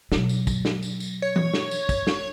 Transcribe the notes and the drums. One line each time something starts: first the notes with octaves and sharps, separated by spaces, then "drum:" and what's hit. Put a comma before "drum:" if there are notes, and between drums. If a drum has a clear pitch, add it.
B2 F#3, drum: snare
drum: tambourine
drum: kick, tambourine
drum: snare
drum: tambourine
drum: tambourine
C#5
drum: tom E3
drum: snare
drum: tambourine
drum: kick, tambourine
drum: snare